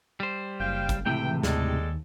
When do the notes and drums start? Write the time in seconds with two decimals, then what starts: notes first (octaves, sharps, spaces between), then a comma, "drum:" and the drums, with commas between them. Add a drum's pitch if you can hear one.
0.20 G3 C5
0.60 F#1 F5 G5
0.89 drum: kick, hi-hat
1.06 C#2 A2 C3 E3 G5
1.43 D#2 G3 G#3 A4, drum: snare